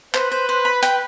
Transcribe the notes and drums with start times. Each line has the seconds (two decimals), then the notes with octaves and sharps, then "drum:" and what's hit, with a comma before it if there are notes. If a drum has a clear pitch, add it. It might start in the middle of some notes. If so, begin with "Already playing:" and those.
0.14 B4 C5, drum: clap
0.32 C5
0.49 C5
0.65 B5
0.83 G5, drum: hi-hat